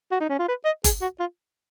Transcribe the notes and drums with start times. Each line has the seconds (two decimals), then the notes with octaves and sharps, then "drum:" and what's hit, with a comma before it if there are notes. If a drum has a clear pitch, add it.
0.11 F#4
0.20 D#4
0.29 C#4
0.39 F4
0.48 B4
0.65 D#5
0.84 G#4, drum: kick F#1, hi-hat
1.02 F#4
1.20 F4